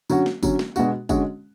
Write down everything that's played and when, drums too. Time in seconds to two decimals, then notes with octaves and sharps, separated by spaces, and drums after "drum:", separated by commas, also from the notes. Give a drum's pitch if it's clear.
0.10 D3 F#3 C#4 F#4, drum: tambourine
0.26 drum: snare
0.43 D3 F#3 C#4, drum: kick, tambourine
0.59 drum: snare
0.76 B2 G#3 D4 F#4, drum: tambourine
1.09 D3 G#3 C#4 F#4, drum: kick, tambourine